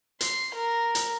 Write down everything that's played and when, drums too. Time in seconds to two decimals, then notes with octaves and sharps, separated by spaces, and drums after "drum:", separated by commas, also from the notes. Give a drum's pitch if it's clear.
0.21 C6, drum: hi-hat
0.54 A#4
0.95 drum: hi-hat